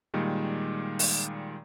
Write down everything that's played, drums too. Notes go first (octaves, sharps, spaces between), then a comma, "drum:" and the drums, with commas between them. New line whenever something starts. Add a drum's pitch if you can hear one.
A#2 D#3 G3 G#3
drum: open hi-hat